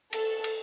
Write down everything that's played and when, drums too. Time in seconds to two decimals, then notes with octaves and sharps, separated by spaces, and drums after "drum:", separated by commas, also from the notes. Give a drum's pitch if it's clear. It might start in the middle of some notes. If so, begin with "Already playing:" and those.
0.13 A4, drum: cymbal
0.44 drum: cymbal